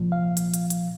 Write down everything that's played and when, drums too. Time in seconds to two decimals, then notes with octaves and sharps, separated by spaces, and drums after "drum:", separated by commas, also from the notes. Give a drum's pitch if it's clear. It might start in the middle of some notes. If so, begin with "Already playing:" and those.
Already playing: C2 A#2 F3
0.12 F5
0.37 drum: hi-hat
0.54 drum: hi-hat
0.70 drum: hi-hat